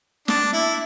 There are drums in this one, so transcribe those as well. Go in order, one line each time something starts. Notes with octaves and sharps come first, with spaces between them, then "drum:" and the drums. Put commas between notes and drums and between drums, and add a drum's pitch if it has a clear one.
D4, drum: snare
E4